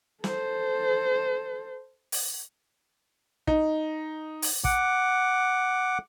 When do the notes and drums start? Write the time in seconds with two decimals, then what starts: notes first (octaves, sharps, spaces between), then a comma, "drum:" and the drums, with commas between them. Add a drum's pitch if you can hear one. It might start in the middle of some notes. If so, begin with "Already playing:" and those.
0.24 A4 C5, drum: snare
2.12 drum: open hi-hat
3.47 D#4, drum: kick
4.42 drum: open hi-hat
4.64 F#5 D6, drum: kick